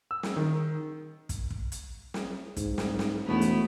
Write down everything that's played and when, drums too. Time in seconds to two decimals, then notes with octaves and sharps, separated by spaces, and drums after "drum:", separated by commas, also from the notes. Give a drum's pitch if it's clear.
0.11 E6
0.23 drum: snare
0.36 D#3
1.29 drum: kick, hi-hat
1.50 drum: kick
1.72 drum: hi-hat
2.14 drum: snare
2.57 G#2, drum: kick, hi-hat
2.78 drum: snare
2.99 drum: snare
3.26 E1 A3 B3 E4
3.41 drum: hi-hat